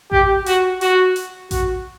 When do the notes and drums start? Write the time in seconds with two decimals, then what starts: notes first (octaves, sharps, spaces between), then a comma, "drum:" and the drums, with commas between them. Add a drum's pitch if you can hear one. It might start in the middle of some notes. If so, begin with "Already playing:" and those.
0.12 G4, drum: kick A1
0.46 F#4, drum: hi-hat
0.81 F#4, drum: hi-hat
1.16 drum: hi-hat
1.51 F#4, drum: kick A1, hi-hat